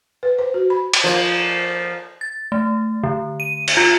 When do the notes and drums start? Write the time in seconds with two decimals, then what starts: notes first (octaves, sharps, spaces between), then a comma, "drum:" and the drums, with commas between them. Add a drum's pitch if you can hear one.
0.23 B4
0.39 C5
0.54 F#4
0.70 B5
0.93 drum: cymbal
1.04 F3 A#3
2.21 A6
2.52 A3
3.04 D3
3.40 D#7
3.68 drum: cymbal
3.77 F4